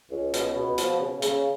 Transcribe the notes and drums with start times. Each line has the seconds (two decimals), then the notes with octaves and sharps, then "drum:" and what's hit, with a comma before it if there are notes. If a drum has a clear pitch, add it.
0.11 C#2
0.33 B2, drum: hi-hat
0.55 B2
0.78 F3, drum: hi-hat
1.00 C#3
1.22 C#3, drum: hi-hat